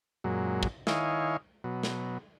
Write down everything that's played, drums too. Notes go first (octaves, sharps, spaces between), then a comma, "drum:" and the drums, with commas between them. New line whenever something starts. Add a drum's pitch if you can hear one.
F#2 A#2 F#3 G#3
drum: kick
D#3 E4 C#5 D#5 F5 G#5, drum: snare
B2 F#3
drum: snare